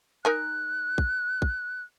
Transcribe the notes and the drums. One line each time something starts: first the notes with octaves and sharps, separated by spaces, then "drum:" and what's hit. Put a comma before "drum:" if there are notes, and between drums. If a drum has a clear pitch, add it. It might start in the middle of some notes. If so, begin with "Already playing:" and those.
D#4 A#4 G#5 F#6
drum: kick
drum: kick